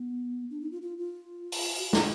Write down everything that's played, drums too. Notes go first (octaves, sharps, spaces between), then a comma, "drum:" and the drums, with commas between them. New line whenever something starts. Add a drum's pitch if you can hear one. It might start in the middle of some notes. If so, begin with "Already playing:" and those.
Already playing: B3
D4
D#4
F4
F4
F4
drum: open hi-hat
F#4
F4, drum: snare